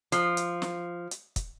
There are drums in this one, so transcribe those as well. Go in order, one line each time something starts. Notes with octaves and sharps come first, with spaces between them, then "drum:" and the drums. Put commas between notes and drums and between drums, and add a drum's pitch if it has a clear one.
F3, drum: hi-hat
drum: hi-hat
drum: snare
drum: hi-hat
drum: kick, hi-hat